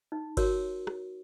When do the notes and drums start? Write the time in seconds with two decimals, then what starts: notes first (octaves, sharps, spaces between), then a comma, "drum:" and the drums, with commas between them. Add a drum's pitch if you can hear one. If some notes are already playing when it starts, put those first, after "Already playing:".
0.12 D#4
0.37 F#4 A#4 C#5, drum: kick G1, cymbal
0.87 drum: rim click